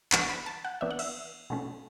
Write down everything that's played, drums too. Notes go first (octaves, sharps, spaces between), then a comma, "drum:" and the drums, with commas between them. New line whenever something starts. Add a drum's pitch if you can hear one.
E3 B3 D4 C#6, drum: clap
B5
A5
F#5
E3 B3 D4 E5
F#5
E5, drum: cymbal
B2 A3 C#4